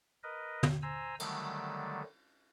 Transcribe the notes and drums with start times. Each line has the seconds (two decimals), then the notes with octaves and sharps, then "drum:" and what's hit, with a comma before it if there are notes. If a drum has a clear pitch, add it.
0.23 A#4 B4 D#5
0.63 drum: tom
0.83 C5 G#5 A#5 E6
1.20 D3 D#3 F#3 G3 A3, drum: cymbal